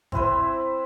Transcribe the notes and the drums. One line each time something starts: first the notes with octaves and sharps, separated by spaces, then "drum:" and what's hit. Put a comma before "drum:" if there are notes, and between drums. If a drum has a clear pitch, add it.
C4 E4 B4 C5, drum: kick G#1